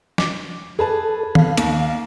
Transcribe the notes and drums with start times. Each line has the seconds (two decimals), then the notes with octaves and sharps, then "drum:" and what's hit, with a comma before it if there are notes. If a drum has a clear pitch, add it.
0.18 D6, drum: snare
0.79 G#4 A4 B4 A5
1.35 F5, drum: tom D#3
1.57 D#2, drum: hi-hat